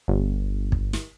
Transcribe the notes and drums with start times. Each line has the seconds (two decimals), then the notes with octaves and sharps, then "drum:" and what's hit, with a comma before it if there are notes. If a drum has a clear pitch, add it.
0.08 G1
0.72 drum: kick
0.93 drum: snare